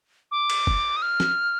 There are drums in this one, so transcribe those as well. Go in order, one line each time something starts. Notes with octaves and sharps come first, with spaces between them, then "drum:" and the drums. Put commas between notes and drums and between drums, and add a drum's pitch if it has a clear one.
D6
drum: cymbal
drum: kick
D#6
F6
drum: snare